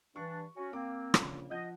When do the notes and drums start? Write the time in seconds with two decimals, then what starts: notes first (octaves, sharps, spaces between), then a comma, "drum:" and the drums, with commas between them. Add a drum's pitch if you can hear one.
0.16 G2 E3 D4 C#6
0.56 C#4 F#4
0.73 A#3 C4 D6
1.14 A#1 A#2 C#3, drum: rim click
1.51 F3 D#5 F#5 G6